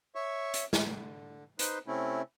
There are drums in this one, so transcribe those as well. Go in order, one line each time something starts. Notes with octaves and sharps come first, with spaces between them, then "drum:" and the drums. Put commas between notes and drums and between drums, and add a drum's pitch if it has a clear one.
C#5 E5 C#6
drum: hi-hat
D3, drum: snare
D#4 B4 C5, drum: hi-hat
C3 A3 C4 C#4 E4